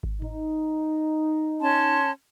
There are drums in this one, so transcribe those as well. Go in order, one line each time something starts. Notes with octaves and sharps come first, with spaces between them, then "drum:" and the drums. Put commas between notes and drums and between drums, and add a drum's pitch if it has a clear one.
drum: kick G#1
D#4, drum: tom G#2
C#4 A5 C6